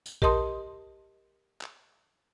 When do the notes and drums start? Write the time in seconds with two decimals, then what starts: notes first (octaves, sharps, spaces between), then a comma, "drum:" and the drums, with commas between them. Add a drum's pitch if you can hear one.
0.06 drum: tambourine
0.22 G4 A#4 D#5 A5 C6 D#6, drum: kick A#1
1.61 drum: clap